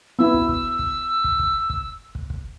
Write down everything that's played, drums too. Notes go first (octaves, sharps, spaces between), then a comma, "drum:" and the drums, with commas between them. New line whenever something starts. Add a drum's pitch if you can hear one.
B3 E4 E6
drum: kick
drum: kick
drum: kick
drum: kick
drum: kick
drum: kick
drum: kick
drum: kick